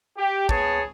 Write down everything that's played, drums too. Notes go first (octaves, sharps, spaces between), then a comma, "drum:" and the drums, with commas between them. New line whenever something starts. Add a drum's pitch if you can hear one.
G4
B3 G#4 C#5 A5, drum: kick